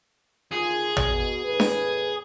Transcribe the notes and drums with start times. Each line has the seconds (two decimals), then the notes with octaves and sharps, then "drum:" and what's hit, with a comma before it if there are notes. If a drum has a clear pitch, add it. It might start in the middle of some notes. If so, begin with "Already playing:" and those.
0.53 D2 D#3 F4 G#4
0.97 drum: tom
1.06 B2
1.45 E2 A2 B4
1.60 drum: snare D4